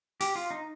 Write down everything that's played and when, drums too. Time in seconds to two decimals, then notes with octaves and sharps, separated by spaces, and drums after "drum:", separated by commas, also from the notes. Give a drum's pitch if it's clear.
0.21 G4, drum: open hi-hat
0.35 F4
0.51 D#4